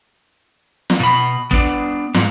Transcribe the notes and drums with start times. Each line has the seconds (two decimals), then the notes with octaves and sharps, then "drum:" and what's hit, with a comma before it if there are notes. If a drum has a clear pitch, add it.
0.90 drum: snare
1.00 B2 B5
1.51 B3 D4, drum: kick
2.14 G#2, drum: snare